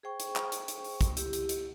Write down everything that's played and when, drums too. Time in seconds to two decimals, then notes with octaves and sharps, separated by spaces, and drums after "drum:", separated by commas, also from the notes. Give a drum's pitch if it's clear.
0.03 G#4 C5 G5 C#6
0.20 drum: hi-hat
0.36 drum: clap
0.52 drum: hi-hat
0.68 drum: hi-hat
0.84 drum: open hi-hat
1.01 drum: kick, hi-hat
1.17 E4 G4, drum: hi-hat
1.33 drum: hi-hat
1.49 drum: hi-hat